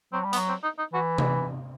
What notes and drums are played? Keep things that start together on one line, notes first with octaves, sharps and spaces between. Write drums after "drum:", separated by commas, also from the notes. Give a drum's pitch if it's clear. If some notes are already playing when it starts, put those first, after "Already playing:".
F#3 C4
G3
B3, drum: hi-hat
F#3
C4
D#4
D#4
E3 F#4
drum: tom C3